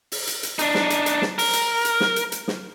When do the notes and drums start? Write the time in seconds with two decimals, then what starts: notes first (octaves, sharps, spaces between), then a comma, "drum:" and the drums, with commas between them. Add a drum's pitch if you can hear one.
0.12 drum: open hi-hat
0.27 drum: hi-hat
0.43 drum: hi-hat
0.59 D4 D#4, drum: hi-hat
0.75 drum: snare
0.90 drum: hi-hat
1.06 drum: hi-hat
1.22 drum: snare
1.38 A#4, drum: open hi-hat
1.53 drum: hi-hat
1.85 drum: hi-hat
2.00 drum: snare
2.16 drum: hi-hat
2.32 drum: hi-hat
2.48 drum: snare